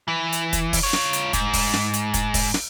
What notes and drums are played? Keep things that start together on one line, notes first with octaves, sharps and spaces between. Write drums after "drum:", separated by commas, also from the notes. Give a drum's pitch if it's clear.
E3
drum: hi-hat
drum: kick, hi-hat
drum: kick, open hi-hat
F4 C#5
drum: snare
drum: hi-hat
G#2, drum: kick, hi-hat
drum: kick, open hi-hat
drum: snare
drum: hi-hat
drum: kick, hi-hat
drum: kick, open hi-hat
drum: snare